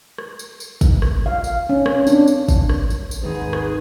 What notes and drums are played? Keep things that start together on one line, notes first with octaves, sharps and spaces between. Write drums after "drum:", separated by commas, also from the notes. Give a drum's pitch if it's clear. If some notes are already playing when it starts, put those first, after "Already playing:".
drum: rim click
drum: tambourine
drum: tambourine
drum: kick, tambourine
drum: rim click
F5
drum: tambourine
C#4
C4, drum: rim click
D4, drum: tambourine
drum: tambourine
drum: kick, tambourine
drum: rim click
drum: tambourine
drum: tambourine
G#1 D#2 G#2 D#3 C4 D#4 G#4 B4
drum: rim click